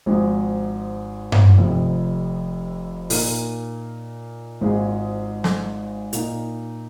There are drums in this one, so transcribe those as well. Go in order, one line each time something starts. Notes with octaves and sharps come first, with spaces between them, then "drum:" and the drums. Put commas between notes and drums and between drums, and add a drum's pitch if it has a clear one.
G#1 G#2 F3 G#3
drum: tom G2
F1 F2 C3 F3
A#2 A#3 D#4 A#4, drum: open hi-hat
G#1 G#2 G#3 F4 G#4
drum: snare
A#2 A#3 D#4, drum: hi-hat